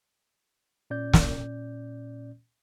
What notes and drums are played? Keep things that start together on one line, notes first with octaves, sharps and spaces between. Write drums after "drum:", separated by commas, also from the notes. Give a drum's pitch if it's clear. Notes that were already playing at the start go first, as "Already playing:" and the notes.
A#2 C#4 D5 G6
drum: snare